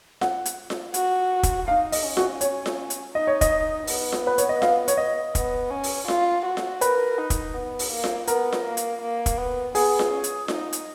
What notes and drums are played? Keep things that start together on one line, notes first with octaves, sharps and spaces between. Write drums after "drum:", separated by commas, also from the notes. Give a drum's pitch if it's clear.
F#5, drum: snare F4
drum: hi-hat
drum: snare F4
F#4, drum: hi-hat
drum: kick, hi-hat
D#4 F5
D#5, drum: open hi-hat
C#4
F#4, drum: snare F4
C#5, drum: hi-hat
drum: snare F4
drum: hi-hat
D#4 D#5
C#5
D#5, drum: kick, hi-hat
B3, drum: open hi-hat
drum: snare F4
B4
C#5, drum: hi-hat
D#5
F5, drum: snare F4
C#5, drum: hi-hat
D#5
B3, drum: kick, hi-hat
C#4
drum: open hi-hat
F4, drum: snare F4
F#4
drum: snare F4
A#4 B4, drum: hi-hat
D#4
drum: kick, hi-hat
B3
drum: open hi-hat
A#3
drum: snare F4
B3 A#4, drum: hi-hat
drum: snare F4
A#3
drum: hi-hat
A#3
drum: kick, hi-hat
B3
B3 G#4, drum: open hi-hat
drum: snare F4
C#4
drum: hi-hat
D#4, drum: snare F4
drum: hi-hat